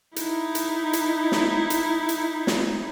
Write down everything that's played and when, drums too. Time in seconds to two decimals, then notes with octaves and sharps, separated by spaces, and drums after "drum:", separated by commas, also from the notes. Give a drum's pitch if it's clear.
0.16 D#4 E4, drum: hi-hat
0.55 drum: hi-hat
0.93 drum: hi-hat
1.32 drum: snare
1.70 drum: hi-hat
2.09 drum: hi-hat
2.47 drum: snare